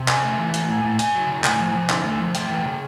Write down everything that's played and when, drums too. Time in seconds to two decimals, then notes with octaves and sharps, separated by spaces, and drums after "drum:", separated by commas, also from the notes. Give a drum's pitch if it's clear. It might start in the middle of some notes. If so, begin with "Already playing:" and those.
Already playing: C3
0.08 C#3 G#5, drum: clap
0.23 A3
0.38 E3
0.54 A3, drum: hi-hat
0.69 A2
0.84 A2
0.99 C#3 G#5, drum: hi-hat
1.15 F#3
1.29 C#3
1.44 A2 G#5, drum: clap
1.60 F3
1.75 F3
1.90 D3, drum: clap
2.04 A3
2.20 F3
2.35 A3 G5, drum: hi-hat
2.50 E3
2.66 C#3